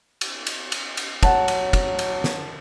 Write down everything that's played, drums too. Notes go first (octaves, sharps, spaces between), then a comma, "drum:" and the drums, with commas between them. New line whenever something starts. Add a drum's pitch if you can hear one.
drum: cymbal
drum: cymbal
drum: cymbal
drum: cymbal
F#3 F#5 A5, drum: kick, cymbal
drum: cymbal
drum: kick, cymbal
drum: cymbal
drum: snare